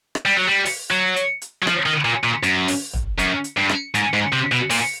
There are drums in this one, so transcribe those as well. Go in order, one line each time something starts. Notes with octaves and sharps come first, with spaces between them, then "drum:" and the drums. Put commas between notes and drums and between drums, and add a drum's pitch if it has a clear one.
drum: rim click
G3
F#3
G3
drum: open hi-hat
F#3
drum: hi-hat
drum: hi-hat
F#3
F3, drum: rim click
D#3
A#2
A#2
F#2, drum: hi-hat
drum: open hi-hat
drum: tom
F#2, drum: hi-hat
drum: hi-hat
G2
drum: rim click
G#2, drum: hi-hat
G#2
C3
B2
A#2, drum: open hi-hat